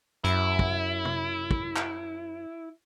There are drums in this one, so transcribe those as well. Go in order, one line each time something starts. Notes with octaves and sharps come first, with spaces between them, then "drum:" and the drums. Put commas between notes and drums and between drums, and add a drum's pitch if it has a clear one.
F#2 E4, drum: hi-hat
drum: kick
drum: tom
drum: kick
drum: clap